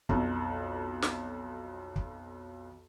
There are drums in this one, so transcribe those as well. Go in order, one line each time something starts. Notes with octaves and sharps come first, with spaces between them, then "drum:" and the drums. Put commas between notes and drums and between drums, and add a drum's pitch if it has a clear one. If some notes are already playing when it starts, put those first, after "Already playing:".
B1 F2, drum: kick
drum: snare
drum: kick